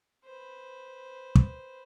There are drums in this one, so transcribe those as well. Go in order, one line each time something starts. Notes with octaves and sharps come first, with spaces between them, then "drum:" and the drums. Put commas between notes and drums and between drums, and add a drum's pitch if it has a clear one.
B4 C5
drum: kick